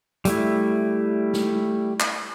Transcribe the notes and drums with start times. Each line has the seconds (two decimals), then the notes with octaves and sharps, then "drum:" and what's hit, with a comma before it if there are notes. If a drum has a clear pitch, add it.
0.25 G3 A3 E4, drum: hi-hat
1.34 drum: snare
2.00 drum: clap